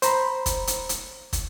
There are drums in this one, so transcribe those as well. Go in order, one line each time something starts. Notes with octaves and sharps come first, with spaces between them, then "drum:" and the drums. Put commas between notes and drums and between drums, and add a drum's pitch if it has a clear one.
C5 A#5 B5, drum: hi-hat
drum: kick, hi-hat
drum: hi-hat
drum: hi-hat
drum: kick, hi-hat